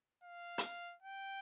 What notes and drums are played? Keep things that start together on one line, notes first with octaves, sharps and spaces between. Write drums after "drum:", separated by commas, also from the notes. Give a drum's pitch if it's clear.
F5
drum: hi-hat
G5